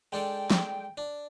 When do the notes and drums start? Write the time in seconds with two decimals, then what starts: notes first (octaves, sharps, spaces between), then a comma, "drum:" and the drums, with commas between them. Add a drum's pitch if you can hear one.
0.12 G#3 D4 A4 G5
0.50 drum: snare
0.97 D4